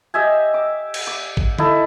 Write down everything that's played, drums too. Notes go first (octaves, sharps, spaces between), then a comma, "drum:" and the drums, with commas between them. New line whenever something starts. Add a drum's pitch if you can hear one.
G4 D#5 E5 G#5
D6
drum: cymbal
D6
drum: kick G#1
D#4 E4 A4, drum: tom D3